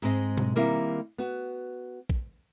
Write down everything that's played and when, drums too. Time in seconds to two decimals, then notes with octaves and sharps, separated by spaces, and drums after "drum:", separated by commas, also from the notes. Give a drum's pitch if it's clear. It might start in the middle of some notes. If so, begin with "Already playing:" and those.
0.02 G#2 G#3 C4 A#4 D#5
0.38 drum: tom B2
0.56 D#3 G3 A#3 C4 E4 A#4
1.18 B3 F#4
2.09 drum: kick A#1